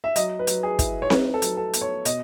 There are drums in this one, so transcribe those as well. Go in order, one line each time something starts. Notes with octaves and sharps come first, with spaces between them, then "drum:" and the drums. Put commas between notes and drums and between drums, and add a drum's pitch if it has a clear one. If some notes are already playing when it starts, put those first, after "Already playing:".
E5
F#3 D#5, drum: hi-hat
B4
F#3, drum: hi-hat
G#4
E4, drum: kick, hi-hat
C#5
D#4 B4, drum: snare C4
A4
F#3, drum: hi-hat
A4
B3, drum: hi-hat
C#5
B2 D#5, drum: hi-hat